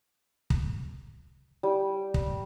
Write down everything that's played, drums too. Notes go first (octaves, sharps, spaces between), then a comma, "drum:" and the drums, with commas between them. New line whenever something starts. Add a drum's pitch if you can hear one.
drum: kick
G3
drum: kick